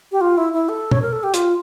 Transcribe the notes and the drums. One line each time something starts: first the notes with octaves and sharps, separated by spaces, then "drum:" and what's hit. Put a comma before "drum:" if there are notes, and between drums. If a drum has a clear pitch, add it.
G4
F4
E4
E4
A4
C#5, drum: tom
A#4
A4
G4
F4, drum: hi-hat